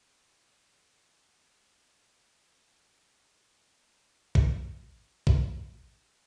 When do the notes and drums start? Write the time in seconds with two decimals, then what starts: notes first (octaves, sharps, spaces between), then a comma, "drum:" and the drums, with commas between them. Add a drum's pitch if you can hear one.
0.16 D6 A6
0.66 C6 D#6
1.10 F#5
1.92 D4 E5 F6
2.34 G5
3.25 A4
3.91 E4 G4
4.35 drum: kick
5.27 drum: kick